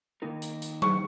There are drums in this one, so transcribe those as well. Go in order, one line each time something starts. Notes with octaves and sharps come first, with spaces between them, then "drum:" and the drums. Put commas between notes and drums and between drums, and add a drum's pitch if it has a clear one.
D#3 A#3 D#4 A#4
drum: hi-hat
drum: hi-hat
C#6, drum: tom F#3